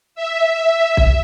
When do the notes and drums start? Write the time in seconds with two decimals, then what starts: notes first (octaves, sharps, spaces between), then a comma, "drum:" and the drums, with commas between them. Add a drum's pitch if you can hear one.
0.15 E5
0.97 drum: kick